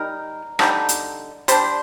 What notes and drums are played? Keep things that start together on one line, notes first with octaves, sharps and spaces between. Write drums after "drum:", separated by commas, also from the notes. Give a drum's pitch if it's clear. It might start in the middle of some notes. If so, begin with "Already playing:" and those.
Already playing: G3 D#4 A#4
D3 G3 C4 D#4, drum: rim click
drum: hi-hat
G3 D4 C5, drum: hi-hat